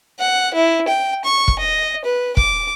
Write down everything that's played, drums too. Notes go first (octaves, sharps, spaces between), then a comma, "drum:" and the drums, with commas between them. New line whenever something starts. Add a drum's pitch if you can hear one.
F#5
E4
G5
C#6
drum: kick
D#5
B4
D6, drum: kick